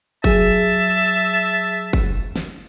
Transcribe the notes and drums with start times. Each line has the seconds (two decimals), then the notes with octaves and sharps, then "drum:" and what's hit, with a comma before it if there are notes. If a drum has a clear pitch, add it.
0.24 F#3 G#4 E5 A5, drum: kick
1.93 drum: kick
2.36 drum: snare